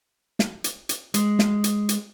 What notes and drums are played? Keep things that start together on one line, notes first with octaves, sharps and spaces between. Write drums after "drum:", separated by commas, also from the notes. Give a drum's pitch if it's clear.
drum: snare
drum: hi-hat
drum: hi-hat
G#3, drum: hi-hat
drum: snare
drum: hi-hat
drum: hi-hat